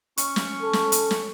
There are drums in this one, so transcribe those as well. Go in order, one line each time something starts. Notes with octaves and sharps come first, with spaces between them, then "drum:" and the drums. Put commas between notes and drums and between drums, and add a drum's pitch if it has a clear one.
C#4 C#6, drum: hi-hat
drum: snare
A4
drum: snare
drum: hi-hat
drum: snare